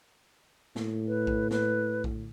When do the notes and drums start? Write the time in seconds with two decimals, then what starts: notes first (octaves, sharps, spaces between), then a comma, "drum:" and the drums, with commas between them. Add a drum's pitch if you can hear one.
0.76 A2, drum: snare
1.08 B4
1.27 drum: kick A#1
1.51 B4, drum: snare
2.04 drum: kick A#1